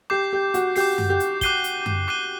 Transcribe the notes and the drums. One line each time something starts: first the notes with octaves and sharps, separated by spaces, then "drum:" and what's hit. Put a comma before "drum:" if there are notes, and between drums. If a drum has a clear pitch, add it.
G4 D6 G6 C7
G4
F#4, drum: hi-hat
G4 D6 G6 C7, drum: open hi-hat
drum: tom F#2
G4
drum: hi-hat
D6 F#6 C7 D#7 G7, drum: kick, hi-hat
drum: hi-hat
drum: tom F#2
D6 F#6 C7 D#7 G7